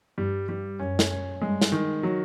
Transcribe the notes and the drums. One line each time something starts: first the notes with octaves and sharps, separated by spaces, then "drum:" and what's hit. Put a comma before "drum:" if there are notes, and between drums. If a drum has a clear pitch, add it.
G2 G3
G2 G3
F#2 C#4
drum: snare
C#4
G2 G#3
drum: snare
D#3
F#3